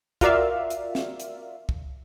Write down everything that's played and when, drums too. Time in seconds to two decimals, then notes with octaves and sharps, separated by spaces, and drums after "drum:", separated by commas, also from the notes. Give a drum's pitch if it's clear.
0.21 F4 F#4 A#4 D5 E5 F5, drum: kick, hi-hat
0.70 drum: hi-hat
0.95 drum: snare
1.20 drum: hi-hat
1.69 drum: kick